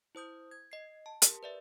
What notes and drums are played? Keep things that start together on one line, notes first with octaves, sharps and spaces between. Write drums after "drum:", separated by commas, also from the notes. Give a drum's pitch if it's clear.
E4 C5 D#6 G6
G#6
D#5 C7
A5
G4 A#4, drum: hi-hat
B4 D5 E5